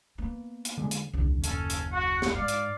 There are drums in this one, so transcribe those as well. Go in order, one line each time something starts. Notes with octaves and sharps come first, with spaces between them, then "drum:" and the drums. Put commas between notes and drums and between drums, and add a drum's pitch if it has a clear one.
A#3 B3
drum: hi-hat
D3 G#3
drum: hi-hat
D#1 C2 D3
F#1 C#4 A4, drum: hi-hat
drum: hi-hat
F#4 F#5
drum: snare
G#2 D5 F5
drum: hi-hat